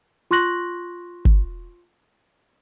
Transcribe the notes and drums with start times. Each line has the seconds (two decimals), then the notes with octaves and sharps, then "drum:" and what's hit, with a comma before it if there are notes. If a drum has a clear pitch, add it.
0.31 F4 C6 C#6 F#6 A#6 F#7
1.25 drum: kick G1